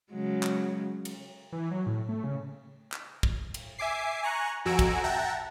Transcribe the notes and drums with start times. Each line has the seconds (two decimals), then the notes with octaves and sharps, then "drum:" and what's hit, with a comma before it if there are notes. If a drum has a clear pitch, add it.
0.12 C#3 F#3 G#3
0.43 drum: clap
1.05 drum: cymbal
1.53 E3
1.71 F#3
1.87 A2
2.09 A3
2.24 C#3
2.92 drum: clap
3.23 drum: kick
3.54 drum: cymbal
3.78 E5 G#5 D6 C7
4.23 G#5 A#5 C#6 F#6
4.65 F2 F#4 G#5 A#5 E6 D7
4.79 drum: kick, cymbal
5.04 E5 F#5 G5 A5 A#5